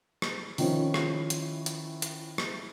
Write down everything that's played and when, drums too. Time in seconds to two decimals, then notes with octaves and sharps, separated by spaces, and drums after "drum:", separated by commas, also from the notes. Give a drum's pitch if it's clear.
0.22 drum: rim click
0.58 D#3 F3 C#4 E4, drum: open hi-hat
0.94 drum: rim click
1.30 drum: hi-hat
1.66 drum: hi-hat
2.02 drum: hi-hat
2.38 drum: rim click